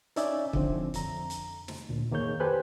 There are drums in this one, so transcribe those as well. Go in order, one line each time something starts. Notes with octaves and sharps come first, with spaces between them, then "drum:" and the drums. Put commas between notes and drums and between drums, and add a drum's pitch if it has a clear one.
C#4 D#4 C#5 D5 E5 G#5, drum: hi-hat
D3 F3 C4, drum: kick
F2 A#5, drum: hi-hat
drum: hi-hat
drum: snare
D2 A#2
F2 D#3 A#3 G#4 C#5 G6
G4 A4 B4 C5 G#5 F#6